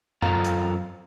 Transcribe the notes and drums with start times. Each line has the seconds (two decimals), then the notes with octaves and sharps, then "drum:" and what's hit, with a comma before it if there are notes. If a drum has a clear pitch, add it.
0.22 F#2 F4 A4 C5 F5 A#5, drum: tom F#2
0.44 drum: hi-hat